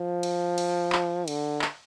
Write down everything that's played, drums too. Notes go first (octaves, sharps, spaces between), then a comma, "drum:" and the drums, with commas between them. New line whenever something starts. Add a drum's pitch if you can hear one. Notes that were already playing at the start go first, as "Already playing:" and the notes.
Already playing: F3
drum: cymbal
drum: cymbal
drum: clap
D3, drum: cymbal
drum: clap